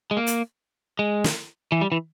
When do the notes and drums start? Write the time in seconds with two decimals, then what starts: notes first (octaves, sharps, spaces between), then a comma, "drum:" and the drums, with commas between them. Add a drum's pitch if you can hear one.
0.11 G#3
0.17 A#3
0.27 drum: hi-hat
0.99 G#3
1.24 drum: snare
1.72 E3
1.81 G3
1.92 E3